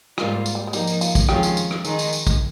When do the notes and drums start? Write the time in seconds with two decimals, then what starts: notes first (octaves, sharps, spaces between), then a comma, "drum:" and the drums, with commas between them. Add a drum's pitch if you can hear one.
0.18 G#2 G3 G#3 A#3 F4, drum: rim click
0.46 drum: tambourine
0.55 G3
0.67 G#3
0.73 F3 G3 A#3 D#4, drum: tambourine
0.87 drum: tambourine
1.01 F4, drum: tambourine
1.15 drum: kick, tambourine
1.29 F2 D#3 G#3 C#4 F4 G4, drum: rim click
1.43 drum: tambourine
1.57 drum: tambourine
1.71 drum: rim click
1.85 D#3 G#3 D#4, drum: tambourine
1.99 drum: tambourine
2.13 drum: tambourine
2.27 drum: kick, tambourine